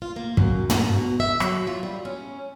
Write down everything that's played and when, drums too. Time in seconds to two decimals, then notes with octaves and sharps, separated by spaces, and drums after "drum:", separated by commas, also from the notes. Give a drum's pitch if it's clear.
0.02 F4
0.16 A#3
0.37 F#2, drum: kick
0.70 A#5, drum: tom
0.88 B2
1.20 E5
1.40 F#3, drum: rim click
1.67 F4
1.83 G3
2.05 C#4